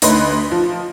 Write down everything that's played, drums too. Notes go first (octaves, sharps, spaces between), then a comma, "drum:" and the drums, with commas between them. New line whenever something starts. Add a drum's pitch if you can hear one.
D2 D#4 B4 C6, drum: hi-hat
F3